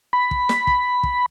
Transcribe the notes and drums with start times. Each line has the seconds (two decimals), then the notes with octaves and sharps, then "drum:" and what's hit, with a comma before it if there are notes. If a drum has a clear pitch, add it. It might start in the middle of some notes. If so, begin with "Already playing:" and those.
0.13 B5
0.31 drum: kick
0.49 drum: snare
0.67 drum: kick
1.03 drum: kick